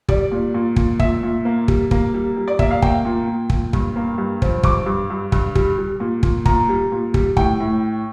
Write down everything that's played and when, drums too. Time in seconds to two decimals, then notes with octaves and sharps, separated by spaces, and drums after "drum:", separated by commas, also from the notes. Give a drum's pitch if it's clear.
0.09 G3 D5, drum: kick
0.32 A#2
0.54 A#2
0.76 A#2, drum: kick
1.00 A#2 E5, drum: kick
1.23 A#2
1.45 A#3
1.68 G3, drum: kick
1.91 A#3, drum: kick
2.14 G3
2.37 G3
2.48 D5
2.59 A#3 E5, drum: kick
2.71 F5
2.82 A#3 G5, drum: kick
3.05 A#2
3.27 A#2
3.50 A#2, drum: kick
3.73 G2, drum: kick
3.96 A#3
4.18 G2
4.42 F3, drum: kick
4.63 G2 D6, drum: kick
4.86 G2
5.10 G2
5.32 G2, drum: kick
5.55 G3, drum: kick
5.78 G3
6.00 A#2
6.23 A#2, drum: kick
6.45 A#2 A#5, drum: kick
6.69 G3
6.92 A#2
7.14 G3, drum: kick
7.37 A2 G5, drum: kick
7.60 A2